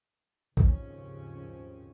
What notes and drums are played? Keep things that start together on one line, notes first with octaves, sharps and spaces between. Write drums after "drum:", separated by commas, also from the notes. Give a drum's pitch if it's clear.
D#2 G#2 C#3 F3 C4 C#4, drum: kick A#1